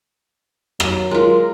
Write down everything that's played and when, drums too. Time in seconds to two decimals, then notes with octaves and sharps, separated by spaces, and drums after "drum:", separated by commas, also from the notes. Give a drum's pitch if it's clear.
0.80 F#3, drum: rim click
1.11 G#3 F4 A#4